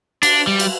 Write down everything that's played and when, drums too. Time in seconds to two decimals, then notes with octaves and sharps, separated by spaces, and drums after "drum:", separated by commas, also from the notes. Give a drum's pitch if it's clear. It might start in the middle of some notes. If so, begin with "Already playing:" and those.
0.23 D4, drum: cymbal
0.47 G3
0.60 drum: cymbal